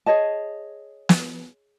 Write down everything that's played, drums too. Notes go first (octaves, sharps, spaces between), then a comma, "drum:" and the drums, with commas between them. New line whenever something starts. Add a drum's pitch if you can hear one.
G#4 C#5 D#5 A5
drum: snare